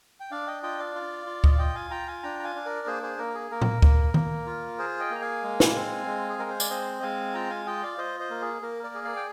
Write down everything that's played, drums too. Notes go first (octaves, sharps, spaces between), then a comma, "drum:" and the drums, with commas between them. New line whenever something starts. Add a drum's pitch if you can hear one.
G5
D4 D5 F5
D#5 G5
F4 D#5 G5
D5 F5
F4
F4
D#5, drum: kick C#2
F5
F4 D#5 G5
F5 G#5
F4 G5 A#5
F5 G#5
D4 G5 A#5
A#5
F5 G#5
D4
A#4 D5
A#3 G#4 C5
G#4 C5
A#3 A#4
G#4
A#3 A#4
drum: tom A#2
A#3, drum: kick C#2
A#3, drum: tom D#3
F4
G#4 C5
D#5 G5
A#3 A#5
F5 G#5
G#3
drum: snare
C4
G#3
G#4
G#3 A#4
C5
D5, drum: tambourine
C4 C5 D#5
G#3 F5 G#5
F4 G5 A#5
F5 G#5
F4 D#5 G5
D5 F5
F4 C5 D#5
C5 D#5
A#3
G#4
A#3 A#4
A#4 D5
G#4
D5 F5
G5